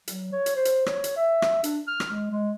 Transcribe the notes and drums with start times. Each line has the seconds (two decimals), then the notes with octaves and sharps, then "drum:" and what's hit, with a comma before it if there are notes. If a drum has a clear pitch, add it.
0.08 F#3, drum: hi-hat
0.32 C#5
0.46 drum: hi-hat
0.56 C5
0.65 drum: hi-hat
0.86 C#5, drum: rim click
1.04 drum: hi-hat
1.17 E5
1.42 drum: rim click
1.64 D4, drum: hi-hat
1.87 F6
2.00 drum: rim click
2.11 G#3
2.31 G#3